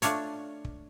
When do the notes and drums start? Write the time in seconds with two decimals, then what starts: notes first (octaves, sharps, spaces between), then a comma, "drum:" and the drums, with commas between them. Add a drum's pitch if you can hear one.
0.02 A3 D4 F4 C#5, drum: hi-hat
0.65 drum: kick